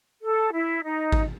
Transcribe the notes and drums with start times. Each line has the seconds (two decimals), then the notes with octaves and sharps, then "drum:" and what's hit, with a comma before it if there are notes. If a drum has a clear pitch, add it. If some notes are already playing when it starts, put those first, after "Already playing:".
0.22 A4
0.53 E4
0.83 D#4
1.12 drum: kick G#1